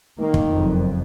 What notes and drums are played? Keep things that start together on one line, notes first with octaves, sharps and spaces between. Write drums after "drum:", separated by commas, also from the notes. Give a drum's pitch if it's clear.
D#3 A#3
drum: kick
F#1 F2